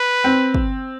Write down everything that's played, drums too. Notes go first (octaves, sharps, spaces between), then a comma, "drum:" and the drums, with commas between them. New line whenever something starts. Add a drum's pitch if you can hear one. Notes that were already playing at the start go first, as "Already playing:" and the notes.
Already playing: B4
C4
drum: kick